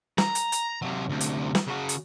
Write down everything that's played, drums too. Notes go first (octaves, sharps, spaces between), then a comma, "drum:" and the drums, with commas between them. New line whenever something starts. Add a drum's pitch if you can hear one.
A#5, drum: snare
drum: hi-hat
drum: hi-hat
C3 F#3
D2 C3
drum: hi-hat
drum: snare
C#3 F#4
drum: hi-hat